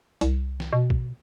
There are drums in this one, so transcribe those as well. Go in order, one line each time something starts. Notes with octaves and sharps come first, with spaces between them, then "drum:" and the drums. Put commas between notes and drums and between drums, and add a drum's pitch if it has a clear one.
C2, drum: hi-hat
drum: snare
B2
drum: kick